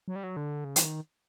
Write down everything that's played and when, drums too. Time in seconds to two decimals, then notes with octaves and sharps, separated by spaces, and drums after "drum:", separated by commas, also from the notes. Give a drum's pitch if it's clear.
0.08 F#3
0.16 G3
0.24 F#3
0.37 D3
0.64 C#3
0.76 E3, drum: hi-hat
0.84 D#3